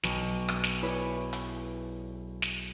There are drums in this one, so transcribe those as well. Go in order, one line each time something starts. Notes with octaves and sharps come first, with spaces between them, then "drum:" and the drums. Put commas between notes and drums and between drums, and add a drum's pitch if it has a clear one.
B1, drum: snare
drum: rim click
drum: snare
E4 G#4 B4 C#5 D5
drum: hi-hat
drum: snare